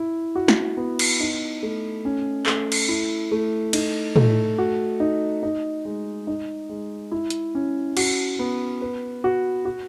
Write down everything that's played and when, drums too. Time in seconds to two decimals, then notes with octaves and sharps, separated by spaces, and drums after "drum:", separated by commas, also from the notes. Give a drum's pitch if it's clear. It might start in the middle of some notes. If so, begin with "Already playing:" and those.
Already playing: E4
0.35 F#4
0.48 drum: snare
0.77 B3
0.99 drum: cymbal
1.20 D#4
1.63 A3
2.05 C#4
2.46 A3, drum: clap
2.72 drum: cymbal
2.89 E4
3.32 A3
3.73 D#4, drum: cymbal
4.16 A3, drum: tom
4.58 F#4
5.00 D#4
5.43 D#4
5.85 G#3
6.27 D#4
6.69 G#3
7.12 E4
7.30 drum: hi-hat
7.55 C#4
7.97 F#4, drum: cymbal
8.39 B3
8.81 B4
9.24 F#4
9.65 F#4